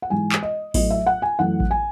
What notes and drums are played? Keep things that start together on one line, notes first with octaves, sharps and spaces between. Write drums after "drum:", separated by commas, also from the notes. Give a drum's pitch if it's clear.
F#5
G#2 E3 G#3 G#5
drum: clap
D#5
A2 F#3 A3 D#5, drum: kick A1, open hi-hat
E5
F#5
G#5
F#2 E3 A3 F#5
drum: kick A1
G#5